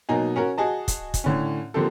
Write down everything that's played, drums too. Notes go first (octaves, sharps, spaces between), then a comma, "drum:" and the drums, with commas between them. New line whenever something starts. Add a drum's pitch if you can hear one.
B2 F#3 A#3 D#4 G#5
C#4 F#4 A#4
F#4 G#4 D#5 A5
drum: kick, hi-hat
drum: kick, hi-hat
A2 D3 C#4
D3 F3 A#3 C4 G4 A4